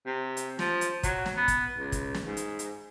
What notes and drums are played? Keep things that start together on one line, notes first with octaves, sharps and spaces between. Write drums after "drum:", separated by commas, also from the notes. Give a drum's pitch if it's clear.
C3
drum: hi-hat
F3, drum: snare
drum: hi-hat
F#3, drum: kick, hi-hat
drum: snare
B3
drum: kick, hi-hat
C#2
drum: kick, hi-hat
drum: snare
G#2
drum: hi-hat
drum: hi-hat